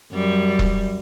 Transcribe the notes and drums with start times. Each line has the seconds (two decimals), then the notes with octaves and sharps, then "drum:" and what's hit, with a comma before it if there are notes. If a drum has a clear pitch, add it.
0.12 F#2 G3
0.59 drum: kick E1